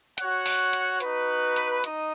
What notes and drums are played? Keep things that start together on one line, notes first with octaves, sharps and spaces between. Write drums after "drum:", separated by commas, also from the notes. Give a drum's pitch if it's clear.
F#4 C#5 F#5, drum: hi-hat
drum: open hi-hat
drum: hi-hat
D#4 F#4 B4, drum: hi-hat
drum: hi-hat
D#4 D#5, drum: hi-hat